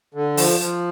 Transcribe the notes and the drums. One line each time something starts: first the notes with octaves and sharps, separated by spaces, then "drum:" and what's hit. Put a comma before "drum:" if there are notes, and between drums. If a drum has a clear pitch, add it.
D3
F3, drum: open hi-hat
F3